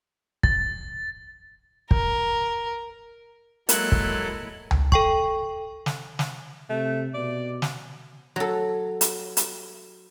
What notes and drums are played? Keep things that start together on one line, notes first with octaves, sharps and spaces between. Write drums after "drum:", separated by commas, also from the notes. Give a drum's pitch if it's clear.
A6, drum: kick
A#4, drum: kick
F#3 G#3 A#3 E4 A4 F#6, drum: hi-hat
drum: kick
drum: tom C#2
A4 G5 C#6, drum: kick
drum: snare
drum: snare
C3 A3
B2 D5
drum: snare
F#3 A4
drum: hi-hat
drum: hi-hat